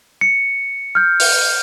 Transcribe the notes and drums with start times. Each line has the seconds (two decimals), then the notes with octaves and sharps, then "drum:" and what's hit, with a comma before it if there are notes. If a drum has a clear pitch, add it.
0.21 C#7
0.95 F6 G6
1.20 drum: open hi-hat